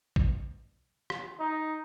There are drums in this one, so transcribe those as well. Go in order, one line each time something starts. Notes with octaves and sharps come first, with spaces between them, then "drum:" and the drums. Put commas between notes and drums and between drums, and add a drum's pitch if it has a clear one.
drum: kick A1
drum: rim click
D#4